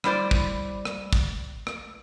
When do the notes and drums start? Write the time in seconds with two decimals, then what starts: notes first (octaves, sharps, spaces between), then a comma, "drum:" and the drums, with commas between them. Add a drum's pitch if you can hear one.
0.04 G3 E4 C5 D5, drum: rim click
0.31 drum: kick
0.85 drum: rim click
1.13 drum: kick, hi-hat
1.67 drum: rim click